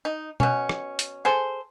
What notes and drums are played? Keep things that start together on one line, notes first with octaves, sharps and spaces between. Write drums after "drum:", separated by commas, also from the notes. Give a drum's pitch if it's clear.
D#4
B2 C#4, drum: tom B2
drum: rim click
drum: hi-hat
G#4 A4 C5